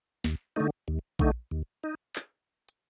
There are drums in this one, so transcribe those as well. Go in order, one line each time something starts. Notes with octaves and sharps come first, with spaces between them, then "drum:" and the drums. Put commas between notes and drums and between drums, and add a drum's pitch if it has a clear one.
D#2, drum: snare
D3 A3 D#4
D#2
D3 A3 D#4, drum: kick A#1
D#2
D#4
drum: clap
drum: hi-hat